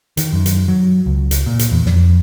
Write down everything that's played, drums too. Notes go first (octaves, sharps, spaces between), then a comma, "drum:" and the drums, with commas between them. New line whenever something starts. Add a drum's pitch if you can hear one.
D#3, drum: hi-hat
F#2
drum: hi-hat
F#3
C#2
drum: hi-hat
A#2
drum: hi-hat
E2
F2, drum: snare